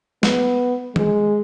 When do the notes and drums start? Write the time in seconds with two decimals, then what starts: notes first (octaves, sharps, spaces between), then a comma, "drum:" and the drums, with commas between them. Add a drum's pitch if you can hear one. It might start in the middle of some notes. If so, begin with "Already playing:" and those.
0.23 B3, drum: snare
0.96 G#3, drum: tom D#3